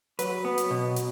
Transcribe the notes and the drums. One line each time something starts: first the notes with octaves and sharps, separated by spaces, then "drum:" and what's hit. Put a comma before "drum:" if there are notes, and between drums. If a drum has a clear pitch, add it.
F#3 B4, drum: hi-hat
B3
drum: hi-hat
B2
drum: hi-hat